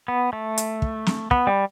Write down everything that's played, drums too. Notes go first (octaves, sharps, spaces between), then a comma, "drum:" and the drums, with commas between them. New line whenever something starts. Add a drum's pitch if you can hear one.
B3
A3
drum: hi-hat
drum: kick
drum: snare
B3, drum: kick
G3